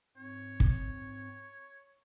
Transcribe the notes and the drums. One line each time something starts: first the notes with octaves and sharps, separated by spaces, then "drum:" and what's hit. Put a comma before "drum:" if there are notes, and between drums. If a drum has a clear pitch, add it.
G#2 C4 C#5
drum: kick